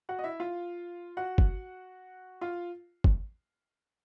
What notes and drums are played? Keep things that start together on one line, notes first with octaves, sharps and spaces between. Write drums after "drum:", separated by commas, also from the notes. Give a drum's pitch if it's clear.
F#4 F#5
D#5
E4 E5
F4 F5
F#4 F#5
drum: kick
F4 F5
drum: kick